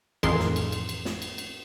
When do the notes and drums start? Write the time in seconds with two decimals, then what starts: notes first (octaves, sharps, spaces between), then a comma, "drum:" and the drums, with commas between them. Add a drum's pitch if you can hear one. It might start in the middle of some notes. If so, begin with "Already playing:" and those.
0.23 A1 F2 D#3 G#4 A#4 C6, drum: cymbal
0.40 drum: snare
0.56 drum: cymbal
0.72 drum: cymbal
0.89 drum: cymbal
1.05 drum: snare
1.22 drum: cymbal
1.38 drum: cymbal